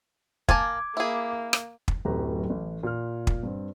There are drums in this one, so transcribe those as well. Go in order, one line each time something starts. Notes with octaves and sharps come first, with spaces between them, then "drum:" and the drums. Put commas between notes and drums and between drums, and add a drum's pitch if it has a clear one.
A#3 G#5 A5 D6 G#6, drum: kick
A#3 E4 G#4
drum: rim click
drum: kick
D1 F#2 A2 G4 B4 A#5
A1
A#2 F6
drum: kick
G2 C4